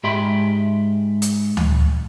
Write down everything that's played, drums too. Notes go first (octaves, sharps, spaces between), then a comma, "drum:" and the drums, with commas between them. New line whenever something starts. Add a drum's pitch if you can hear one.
G#2 G4 E5 G5 B5 C6
drum: hi-hat
drum: tom D2